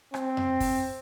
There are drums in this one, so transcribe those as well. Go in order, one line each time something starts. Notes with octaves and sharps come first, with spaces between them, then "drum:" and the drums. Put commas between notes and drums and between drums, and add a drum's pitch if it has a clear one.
C4, drum: rim click
drum: tom F2
drum: kick, open hi-hat